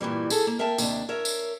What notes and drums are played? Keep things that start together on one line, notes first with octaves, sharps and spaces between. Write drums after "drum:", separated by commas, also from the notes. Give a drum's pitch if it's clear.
G2 A#2 E3 G3
G#4 A4, drum: tambourine
A#3
A#4 E5 F5 G5 A5
D#2 C3 D4, drum: tambourine
A#4 C#5 E5
drum: tambourine